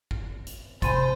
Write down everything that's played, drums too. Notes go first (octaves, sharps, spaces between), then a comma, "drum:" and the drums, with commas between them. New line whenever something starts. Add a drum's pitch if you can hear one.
drum: kick
drum: hi-hat
C3 C5 G#5 B5 C6 A6 D#7, drum: kick, hi-hat